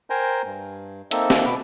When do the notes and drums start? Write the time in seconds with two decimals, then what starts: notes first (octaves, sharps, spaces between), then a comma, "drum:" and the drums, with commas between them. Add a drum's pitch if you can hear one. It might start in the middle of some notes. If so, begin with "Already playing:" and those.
0.10 A#4 C5 G5 G#5 A#5
0.45 G2
1.11 A#3 C4 D#4 A4 E5, drum: hi-hat
1.30 drum: snare
1.45 B2 B3 B5 D6